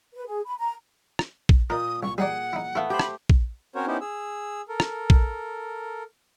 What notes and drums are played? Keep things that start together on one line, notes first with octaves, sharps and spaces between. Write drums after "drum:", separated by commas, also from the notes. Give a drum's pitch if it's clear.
B4
G#4
B5
A#5
drum: rim click
drum: kick A#1
A#2 A#4 D#5 D#6
C2 C#6
G3 D#4 G#4 D5 F#5
D#4 E4
A3 B3 E4 F5
G4 C5 B5
drum: rim click
drum: kick A#1
C4 C#4 F#4 A#4 C5 C#5
B3 C#4 D#4 E4 G4 C5
G#4 E6
A4 A#4
drum: rim click
drum: kick A#1